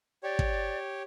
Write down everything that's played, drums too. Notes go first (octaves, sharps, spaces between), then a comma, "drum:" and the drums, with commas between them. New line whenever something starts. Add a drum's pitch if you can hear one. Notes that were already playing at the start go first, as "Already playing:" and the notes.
G4 C#5 D5
drum: kick